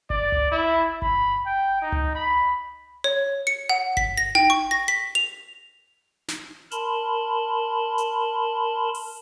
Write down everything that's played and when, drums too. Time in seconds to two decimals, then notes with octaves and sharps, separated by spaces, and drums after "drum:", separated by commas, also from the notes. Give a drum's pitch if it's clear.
0.10 D5, drum: kick G1
0.32 drum: tom C#2
0.51 E4
1.02 B5, drum: kick G1
1.46 G5
1.82 D#4
1.92 drum: tom C#2
2.15 B5
3.04 C#5
3.47 C#7
3.69 F#5
3.97 B6, drum: kick G1
4.17 A#6
4.35 G5, drum: tom D#4
4.50 C#6
4.71 A#6
4.88 B6
5.15 F7
6.28 drum: snare
6.71 A#4 A5 B5 C6, drum: hi-hat
7.98 drum: hi-hat
8.95 drum: open hi-hat